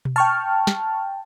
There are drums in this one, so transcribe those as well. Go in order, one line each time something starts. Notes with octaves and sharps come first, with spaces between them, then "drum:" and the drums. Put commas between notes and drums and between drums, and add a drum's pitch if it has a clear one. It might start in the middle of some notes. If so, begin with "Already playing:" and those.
drum: tom B2
G5 A5 C#6 F6
drum: snare